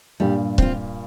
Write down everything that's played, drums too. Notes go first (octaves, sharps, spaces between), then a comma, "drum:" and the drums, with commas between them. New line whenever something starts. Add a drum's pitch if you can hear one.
G2 A#2 G3
C4 F4, drum: kick C#1